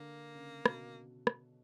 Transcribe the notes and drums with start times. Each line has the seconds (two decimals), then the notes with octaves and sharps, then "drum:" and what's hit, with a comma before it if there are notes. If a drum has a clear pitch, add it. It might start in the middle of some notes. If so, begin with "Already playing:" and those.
Already playing: D3 A#3
0.35 C#3
0.66 B2, drum: rim click
1.27 drum: rim click